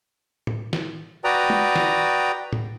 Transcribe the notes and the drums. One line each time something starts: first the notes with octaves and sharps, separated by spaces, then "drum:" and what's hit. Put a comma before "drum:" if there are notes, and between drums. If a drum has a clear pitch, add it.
drum: tom A2
drum: snare
F#4 B4 D5 G5 A#5 D#6
drum: tom
drum: snare
drum: tom A2